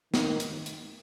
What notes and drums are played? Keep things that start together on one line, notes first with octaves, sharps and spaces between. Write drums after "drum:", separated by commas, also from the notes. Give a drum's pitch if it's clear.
D#3, drum: snare
drum: hi-hat
drum: hi-hat